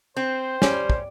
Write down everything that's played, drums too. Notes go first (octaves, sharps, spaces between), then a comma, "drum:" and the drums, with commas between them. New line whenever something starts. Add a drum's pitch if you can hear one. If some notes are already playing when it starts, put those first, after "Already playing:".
C4 C5
G3 C#4, drum: snare
drum: kick